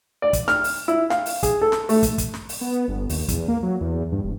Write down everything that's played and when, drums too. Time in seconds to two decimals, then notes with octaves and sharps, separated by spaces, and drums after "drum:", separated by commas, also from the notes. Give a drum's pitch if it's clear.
0.22 D5
0.33 drum: kick, hi-hat
0.48 F6, drum: snare
0.64 drum: open hi-hat
0.88 E4
1.10 F5, drum: snare
1.26 drum: open hi-hat
1.43 G#4, drum: kick, hi-hat
1.62 A4
1.72 drum: snare
1.89 A3, drum: open hi-hat
2.03 drum: kick, hi-hat
2.18 drum: kick, hi-hat
2.34 drum: snare
2.49 drum: open hi-hat
2.61 B3
2.88 G1
3.09 D#2, drum: open hi-hat
3.29 E2, drum: kick, hi-hat
3.48 A#3
3.63 F#3
3.81 E2
4.12 G2
4.24 E1